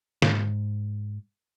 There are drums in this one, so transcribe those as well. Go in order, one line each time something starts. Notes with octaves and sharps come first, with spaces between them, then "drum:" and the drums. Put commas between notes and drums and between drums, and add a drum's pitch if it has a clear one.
G#2, drum: snare